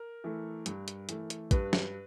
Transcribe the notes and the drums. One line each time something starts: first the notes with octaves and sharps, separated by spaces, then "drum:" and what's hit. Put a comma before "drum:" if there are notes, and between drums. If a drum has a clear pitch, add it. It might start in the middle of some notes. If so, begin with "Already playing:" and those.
Already playing: A#4
E3 A3
G2, drum: hi-hat
drum: hi-hat
E3 A3, drum: hi-hat
drum: hi-hat
G2 B4, drum: kick, hi-hat
drum: snare